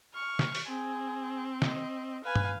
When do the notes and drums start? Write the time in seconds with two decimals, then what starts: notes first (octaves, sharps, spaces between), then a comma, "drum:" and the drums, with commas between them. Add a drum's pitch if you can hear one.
0.15 C#6 F6
0.39 drum: snare
0.55 drum: open hi-hat
0.69 C4 G#4
1.62 D#5, drum: snare
2.25 B4 F5 G#5
2.36 drum: tom G2